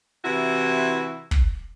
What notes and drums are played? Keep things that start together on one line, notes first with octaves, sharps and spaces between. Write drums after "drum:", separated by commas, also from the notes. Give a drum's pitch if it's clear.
C3 E3 E4 F#4
drum: kick